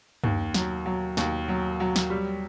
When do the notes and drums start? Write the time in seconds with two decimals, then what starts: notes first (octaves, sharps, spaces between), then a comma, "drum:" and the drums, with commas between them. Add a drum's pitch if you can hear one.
0.24 D#2, drum: tom
0.54 F#3, drum: snare
0.86 F#3
1.17 D#2, drum: snare
1.48 F#3
1.80 F#3
1.96 drum: snare
2.10 G3